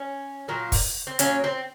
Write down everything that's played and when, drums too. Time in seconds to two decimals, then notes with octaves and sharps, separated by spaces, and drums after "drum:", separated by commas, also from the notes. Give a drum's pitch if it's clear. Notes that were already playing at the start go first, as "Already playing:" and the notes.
Already playing: C#4
0.48 A#2 F#3 A#3
0.72 drum: kick, open hi-hat
1.07 C4
1.19 A#2 F#3 A#3 C#4, drum: hi-hat
1.44 C4